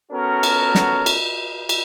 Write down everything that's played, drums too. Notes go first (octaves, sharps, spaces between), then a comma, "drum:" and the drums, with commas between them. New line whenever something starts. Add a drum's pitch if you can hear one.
B3 C#4 F#4 A4 A#4
drum: cymbal
drum: snare
drum: cymbal
drum: cymbal